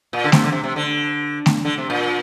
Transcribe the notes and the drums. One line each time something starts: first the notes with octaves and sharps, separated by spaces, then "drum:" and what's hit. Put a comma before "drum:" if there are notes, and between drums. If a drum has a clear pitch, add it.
A#2
D3
C3, drum: snare A3
D3
C3
C3
D3
drum: snare A3
D3
C3
A#2